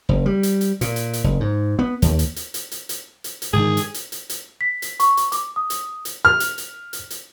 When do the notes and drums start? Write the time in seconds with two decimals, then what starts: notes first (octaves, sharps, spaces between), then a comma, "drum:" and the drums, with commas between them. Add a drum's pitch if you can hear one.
0.09 F#1
0.26 G3
0.43 drum: hi-hat
0.61 drum: hi-hat
0.81 A#2, drum: hi-hat
0.96 drum: hi-hat
1.13 drum: hi-hat
1.24 F#1
1.40 G#2
1.79 B3
2.02 D#2, drum: hi-hat
2.19 drum: hi-hat
2.36 drum: hi-hat
2.54 drum: hi-hat
2.71 drum: hi-hat
2.89 drum: hi-hat
3.24 drum: hi-hat
3.42 drum: hi-hat
3.53 G#2 D3 D#3 G#4
3.77 drum: hi-hat
3.94 drum: hi-hat
4.12 drum: hi-hat
4.29 drum: hi-hat
4.61 B6
4.82 drum: hi-hat
5.00 C#6, drum: hi-hat
5.17 drum: hi-hat
5.32 D6, drum: hi-hat
5.56 D#6
5.70 drum: hi-hat
6.05 drum: hi-hat
6.25 F6
6.40 drum: hi-hat
6.58 drum: hi-hat
6.93 drum: hi-hat
7.10 drum: hi-hat